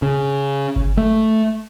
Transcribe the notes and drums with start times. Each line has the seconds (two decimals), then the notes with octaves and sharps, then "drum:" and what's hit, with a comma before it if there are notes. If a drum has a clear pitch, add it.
0.02 C#3
0.76 drum: kick G1
0.97 A3